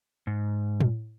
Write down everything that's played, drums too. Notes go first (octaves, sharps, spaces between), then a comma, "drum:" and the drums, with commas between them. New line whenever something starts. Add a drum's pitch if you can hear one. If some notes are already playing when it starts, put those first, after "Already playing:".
G#2
drum: tom A2